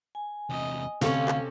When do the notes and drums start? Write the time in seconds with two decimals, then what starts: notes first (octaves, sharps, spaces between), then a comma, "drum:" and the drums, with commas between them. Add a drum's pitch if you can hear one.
0.15 G#5
0.50 E2 C3 D#5
1.01 D2 C3 C#4 A4 F5 C#6, drum: snare
1.28 drum: clap